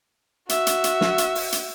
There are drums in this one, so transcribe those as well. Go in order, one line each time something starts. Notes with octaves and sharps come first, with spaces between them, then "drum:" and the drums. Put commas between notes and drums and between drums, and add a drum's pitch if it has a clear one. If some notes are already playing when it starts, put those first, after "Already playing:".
F#4 E5, drum: hi-hat
drum: hi-hat
drum: hi-hat
drum: snare
drum: hi-hat
drum: open hi-hat
drum: hi-hat